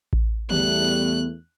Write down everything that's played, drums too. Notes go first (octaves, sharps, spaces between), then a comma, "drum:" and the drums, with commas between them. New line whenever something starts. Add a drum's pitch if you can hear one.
drum: kick A1
E2 G3 A3 B3 F#6, drum: tom